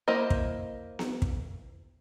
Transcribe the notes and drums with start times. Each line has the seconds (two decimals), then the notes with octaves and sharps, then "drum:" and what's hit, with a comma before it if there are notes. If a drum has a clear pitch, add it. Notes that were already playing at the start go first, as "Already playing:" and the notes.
0.08 A#3 E4 C5 D#5
0.30 drum: kick
0.99 drum: snare B3
1.22 drum: kick